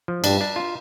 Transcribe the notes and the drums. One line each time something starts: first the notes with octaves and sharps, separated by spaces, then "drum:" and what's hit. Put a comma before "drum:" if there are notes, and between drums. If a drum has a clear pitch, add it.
F3
G2 D4, drum: cymbal
D4
F4